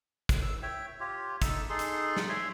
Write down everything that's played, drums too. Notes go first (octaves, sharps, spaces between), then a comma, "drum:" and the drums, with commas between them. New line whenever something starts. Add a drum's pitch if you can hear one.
drum: kick, hi-hat
E6
C#5 E5 G5
F4 G4 C#5
D#4 A4 E5, drum: kick, hi-hat
D#4 G#4 A4 C6
drum: hi-hat
drum: snare
C#5 E5 C6